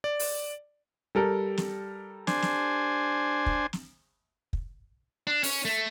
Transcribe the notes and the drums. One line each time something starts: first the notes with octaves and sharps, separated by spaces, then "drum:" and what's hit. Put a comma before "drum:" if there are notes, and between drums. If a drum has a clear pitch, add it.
D5
drum: open hi-hat
G3 A4 A#4
drum: snare
D4 C5 G#5, drum: snare
drum: snare
drum: kick
drum: snare
drum: kick
D4
C#4, drum: open hi-hat
A3